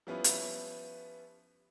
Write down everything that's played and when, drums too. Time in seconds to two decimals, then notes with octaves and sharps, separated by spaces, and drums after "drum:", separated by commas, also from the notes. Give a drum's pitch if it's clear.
0.07 F3 G3 B3 C#4 E4 F4
0.24 drum: hi-hat